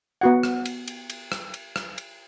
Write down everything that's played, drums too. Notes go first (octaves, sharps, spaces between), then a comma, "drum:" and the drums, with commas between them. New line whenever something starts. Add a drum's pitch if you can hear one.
B3 F#4 F#5
drum: rim click
drum: cymbal
drum: cymbal
drum: cymbal
drum: rim click
drum: cymbal
drum: rim click
drum: cymbal